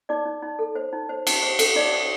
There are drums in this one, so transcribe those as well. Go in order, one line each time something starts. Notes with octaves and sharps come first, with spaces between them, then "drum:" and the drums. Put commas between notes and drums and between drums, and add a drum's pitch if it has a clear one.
D#4 D5 D6
D#4
D#4
A4
C5
D#4
C5
D#4, drum: cymbal
C5
A4, drum: cymbal
D#4 D5 D6
C5